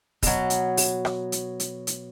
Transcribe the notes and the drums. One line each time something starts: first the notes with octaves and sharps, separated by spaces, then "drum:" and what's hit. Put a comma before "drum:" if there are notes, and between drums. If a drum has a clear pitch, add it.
B2 F#3, drum: kick, open hi-hat
drum: hi-hat
drum: open hi-hat
drum: rim click
drum: hi-hat
drum: hi-hat
drum: hi-hat